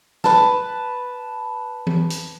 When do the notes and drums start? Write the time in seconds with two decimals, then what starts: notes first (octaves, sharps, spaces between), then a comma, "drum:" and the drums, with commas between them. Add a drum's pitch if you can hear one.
0.24 B4 A5, drum: snare
1.87 drum: tom E3
2.10 drum: hi-hat